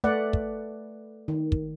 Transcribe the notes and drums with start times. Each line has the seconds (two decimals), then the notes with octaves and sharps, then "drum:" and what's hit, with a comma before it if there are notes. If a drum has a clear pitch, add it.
0.04 A3 B4 D5 F#5
0.33 drum: kick
1.28 D#3
1.52 drum: kick